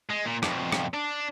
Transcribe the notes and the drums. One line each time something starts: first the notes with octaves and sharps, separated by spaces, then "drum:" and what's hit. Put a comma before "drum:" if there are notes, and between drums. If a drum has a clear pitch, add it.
G#3
A#2
F2 B2, drum: rim click
drum: rim click
D4